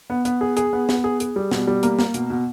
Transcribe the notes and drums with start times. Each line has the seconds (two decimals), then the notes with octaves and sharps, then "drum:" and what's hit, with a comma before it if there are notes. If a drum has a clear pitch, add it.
0.10 B3
0.25 B3, drum: hi-hat
0.41 G#4
0.57 G#4, drum: hi-hat
0.73 B3
0.89 B3, drum: snare
1.04 G#4
1.20 G#4, drum: hi-hat
1.36 G3
1.51 B2, drum: snare
1.67 G3
1.83 A#3, drum: hi-hat
1.99 A#3, drum: snare
2.14 B2, drum: hi-hat
2.30 B2